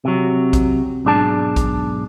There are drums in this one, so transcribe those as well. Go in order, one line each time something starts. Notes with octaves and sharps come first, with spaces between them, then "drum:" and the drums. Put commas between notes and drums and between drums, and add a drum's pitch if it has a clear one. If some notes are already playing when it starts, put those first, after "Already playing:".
C3 F#3
drum: kick, hi-hat
B1 G#2 D4 G#4 A5
drum: kick, hi-hat